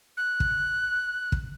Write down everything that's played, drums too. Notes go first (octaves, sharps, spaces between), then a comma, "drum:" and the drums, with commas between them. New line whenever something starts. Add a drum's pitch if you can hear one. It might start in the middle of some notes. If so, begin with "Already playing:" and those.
F#6
drum: kick
drum: kick